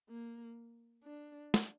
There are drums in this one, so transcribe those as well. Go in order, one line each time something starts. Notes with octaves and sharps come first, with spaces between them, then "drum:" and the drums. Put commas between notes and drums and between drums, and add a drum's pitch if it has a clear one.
A#3
D4
drum: snare